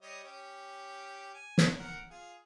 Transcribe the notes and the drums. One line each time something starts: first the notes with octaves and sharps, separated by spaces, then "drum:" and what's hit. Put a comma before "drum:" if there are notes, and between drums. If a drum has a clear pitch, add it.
G3 C#5 D#5
C#4 G4
G#5
drum: snare
A#4 F#5
F4 G#4